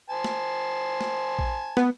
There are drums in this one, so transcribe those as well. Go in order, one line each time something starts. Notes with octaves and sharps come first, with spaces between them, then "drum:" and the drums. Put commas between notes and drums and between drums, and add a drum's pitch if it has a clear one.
C5 G#5 A5
drum: snare
drum: snare
drum: kick
B3, drum: snare